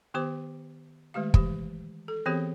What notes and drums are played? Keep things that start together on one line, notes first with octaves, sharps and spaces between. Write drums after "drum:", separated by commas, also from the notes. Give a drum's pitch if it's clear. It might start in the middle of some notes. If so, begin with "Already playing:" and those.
D#3 B3 G4 C5 D6
D#3 G#3 A3 G4 F5
E3 G4, drum: kick
A4
E3 B3 C4 G4 G#4 C#5